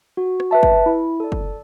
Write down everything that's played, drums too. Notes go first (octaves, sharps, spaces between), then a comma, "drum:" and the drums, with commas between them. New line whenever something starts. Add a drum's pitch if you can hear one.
F#4
drum: rim click
B4 E5 A5
drum: kick
E4
A4 D5
drum: kick